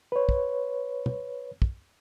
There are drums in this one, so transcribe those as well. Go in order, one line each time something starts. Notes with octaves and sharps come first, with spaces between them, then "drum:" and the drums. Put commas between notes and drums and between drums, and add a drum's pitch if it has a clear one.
B4 C#5
drum: kick
drum: tom
drum: kick